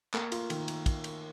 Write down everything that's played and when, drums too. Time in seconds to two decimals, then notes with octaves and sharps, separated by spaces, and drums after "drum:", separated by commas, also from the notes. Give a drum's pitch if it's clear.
0.14 A#3, drum: clap
0.32 F4, drum: cymbal
0.50 D#3, drum: cymbal
0.68 drum: cymbal
0.86 drum: kick, cymbal
1.04 drum: cymbal